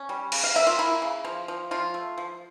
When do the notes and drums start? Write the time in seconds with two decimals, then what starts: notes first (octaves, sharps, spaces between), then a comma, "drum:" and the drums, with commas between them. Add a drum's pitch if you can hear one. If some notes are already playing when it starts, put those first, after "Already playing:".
Already playing: C#4
0.09 G3
0.32 C#3, drum: cymbal
0.44 F5
0.55 A#3 E5
0.67 F4
0.78 A#3 E4
1.02 C#3
1.25 F3
1.48 F3
1.71 F3 F4
1.94 A3
2.18 F3